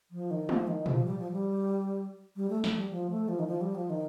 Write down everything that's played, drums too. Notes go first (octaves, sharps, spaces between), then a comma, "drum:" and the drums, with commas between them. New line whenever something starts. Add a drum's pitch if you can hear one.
F3
D#3
F3, drum: tom G#3
D#3
F3, drum: tom A#2
G3
F3
G3
G3
A3
A3, drum: snare
G3
F3
A3
F3
D#3
F3
G3
F3
D#3